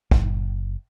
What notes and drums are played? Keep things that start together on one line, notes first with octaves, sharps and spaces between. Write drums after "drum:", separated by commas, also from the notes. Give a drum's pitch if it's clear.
F#1, drum: kick